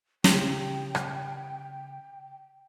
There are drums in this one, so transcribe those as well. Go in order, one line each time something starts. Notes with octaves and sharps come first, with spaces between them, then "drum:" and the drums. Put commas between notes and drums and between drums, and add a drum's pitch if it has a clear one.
C#3 G4 C#5 G5, drum: snare
drum: rim click